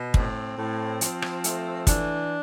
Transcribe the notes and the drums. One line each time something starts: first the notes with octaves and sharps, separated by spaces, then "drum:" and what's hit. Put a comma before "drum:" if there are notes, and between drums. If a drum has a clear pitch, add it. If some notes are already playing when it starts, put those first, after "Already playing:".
Already playing: B2
A2 C4, drum: kick
A2
F3, drum: hi-hat
drum: rim click
A3, drum: hi-hat
E3 D4, drum: kick, hi-hat